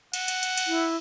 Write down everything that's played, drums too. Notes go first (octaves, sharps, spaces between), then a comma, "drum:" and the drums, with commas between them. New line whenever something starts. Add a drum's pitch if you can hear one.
F#5, drum: cymbal
drum: cymbal
drum: cymbal
drum: cymbal
E4